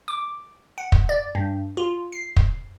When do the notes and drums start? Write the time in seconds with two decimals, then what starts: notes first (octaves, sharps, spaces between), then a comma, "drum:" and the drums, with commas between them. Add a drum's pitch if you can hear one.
0.08 D6
0.78 F#5
0.92 drum: kick
1.09 D5
1.35 G2
1.77 F4
2.12 C7
2.36 drum: kick